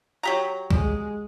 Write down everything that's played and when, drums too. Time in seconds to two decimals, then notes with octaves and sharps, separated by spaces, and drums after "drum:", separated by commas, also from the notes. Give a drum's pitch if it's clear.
0.23 F#3 G4 A#5
0.71 G#3, drum: kick